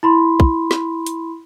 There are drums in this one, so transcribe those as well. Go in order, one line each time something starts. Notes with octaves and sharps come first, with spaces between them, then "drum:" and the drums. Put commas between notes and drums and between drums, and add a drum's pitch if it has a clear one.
E4 B5 C6
drum: kick
drum: snare
drum: hi-hat